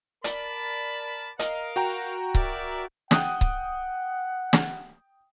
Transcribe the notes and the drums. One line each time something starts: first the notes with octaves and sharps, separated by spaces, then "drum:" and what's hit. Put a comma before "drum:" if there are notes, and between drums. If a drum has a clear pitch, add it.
A#4 D5 A5 B5, drum: hi-hat
A#4 D#5 F5, drum: hi-hat
F#4 G5 A#5
A#4 D5 E5, drum: kick C#1
F#5 G5 D#6 F#6, drum: snare
drum: kick C#1
drum: snare